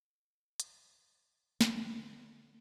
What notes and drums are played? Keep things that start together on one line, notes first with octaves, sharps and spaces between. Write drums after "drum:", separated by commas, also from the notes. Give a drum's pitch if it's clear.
drum: hi-hat
D3 A3, drum: snare